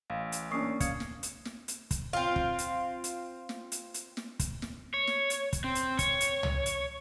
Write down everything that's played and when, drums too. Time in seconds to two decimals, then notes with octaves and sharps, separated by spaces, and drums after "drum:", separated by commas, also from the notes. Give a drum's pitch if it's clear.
0.10 A1 F5
0.32 drum: hi-hat
0.51 A#3 C#4 D4 C#6 D#6 C7
0.80 F5 D#6 G#6 C#7, drum: kick, hi-hat
1.00 drum: snare
1.23 drum: hi-hat
1.45 drum: snare
1.68 drum: hi-hat
1.91 drum: kick, hi-hat
2.13 C4 F4
2.36 drum: kick
2.59 drum: hi-hat
3.04 drum: hi-hat
3.49 drum: snare
3.72 drum: hi-hat
3.94 drum: hi-hat
4.17 drum: snare
4.40 drum: kick, hi-hat
4.62 drum: snare
4.94 C#5
5.07 drum: snare
5.30 drum: hi-hat
5.53 drum: kick, hi-hat
5.64 C4
5.75 drum: hi-hat
5.99 C#5, drum: kick, hi-hat
6.21 drum: hi-hat
6.43 drum: tom
6.66 drum: hi-hat